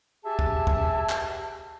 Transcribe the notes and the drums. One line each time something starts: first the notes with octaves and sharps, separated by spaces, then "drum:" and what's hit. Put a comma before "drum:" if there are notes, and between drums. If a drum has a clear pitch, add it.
G4 G#4 E5 G#5 A5
drum: kick
drum: kick
drum: clap